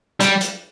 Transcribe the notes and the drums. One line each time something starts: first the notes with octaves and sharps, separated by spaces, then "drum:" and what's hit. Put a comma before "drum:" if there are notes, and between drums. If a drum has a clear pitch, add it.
G3, drum: hi-hat
drum: hi-hat